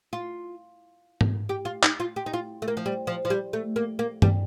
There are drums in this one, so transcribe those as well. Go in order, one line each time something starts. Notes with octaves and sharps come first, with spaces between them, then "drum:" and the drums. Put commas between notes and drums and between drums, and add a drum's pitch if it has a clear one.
F4
drum: tom G#2
G4
F4
D#4, drum: clap
F4
G4
D#4
F4
A3
A#3
F3
G3
F3
F3
G3
A3
A#3
A#3
G3, drum: tom G2